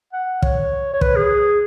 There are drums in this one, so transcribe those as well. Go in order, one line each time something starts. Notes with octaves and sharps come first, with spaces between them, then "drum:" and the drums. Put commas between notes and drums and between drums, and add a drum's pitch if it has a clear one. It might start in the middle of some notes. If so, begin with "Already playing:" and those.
F#5
C#5, drum: kick
C#5
B4, drum: kick
G#4